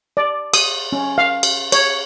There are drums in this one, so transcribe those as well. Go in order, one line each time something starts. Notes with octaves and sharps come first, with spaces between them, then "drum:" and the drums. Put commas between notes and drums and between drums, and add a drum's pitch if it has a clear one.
D5
D#6, drum: cymbal
C#4
F5
drum: cymbal
C#5, drum: cymbal